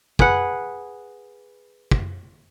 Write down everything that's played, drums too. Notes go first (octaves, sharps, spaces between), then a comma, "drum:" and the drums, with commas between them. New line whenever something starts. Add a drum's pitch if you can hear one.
G#4 B4 F#5, drum: kick
drum: kick